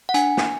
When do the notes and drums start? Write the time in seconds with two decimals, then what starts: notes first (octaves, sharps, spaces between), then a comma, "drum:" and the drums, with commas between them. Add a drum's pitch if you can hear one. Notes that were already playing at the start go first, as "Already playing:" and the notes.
0.09 F#5
0.14 D4 G#5, drum: hi-hat
0.37 drum: snare